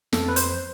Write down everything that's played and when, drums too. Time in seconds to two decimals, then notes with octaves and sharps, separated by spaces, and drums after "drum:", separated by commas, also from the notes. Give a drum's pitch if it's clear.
0.13 F2 A4, drum: snare
0.28 B4
0.36 C5, drum: hi-hat